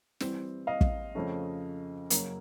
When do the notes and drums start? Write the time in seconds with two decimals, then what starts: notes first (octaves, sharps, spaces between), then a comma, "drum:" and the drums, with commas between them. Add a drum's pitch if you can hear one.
0.20 E3 G3 C4, drum: snare
0.67 D#5 F5
0.81 drum: kick
1.15 F2 C#3 F3 A3 C#4
2.10 F#2 C#3 F#3 A#3, drum: hi-hat